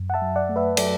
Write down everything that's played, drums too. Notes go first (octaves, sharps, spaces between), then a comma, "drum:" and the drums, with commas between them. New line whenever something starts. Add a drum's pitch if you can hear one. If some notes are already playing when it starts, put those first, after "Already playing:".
Already playing: F#2
F#5
E5 A5
F#3
D5 F#5
A3
B4 E5
F#3 A4 D5, drum: cymbal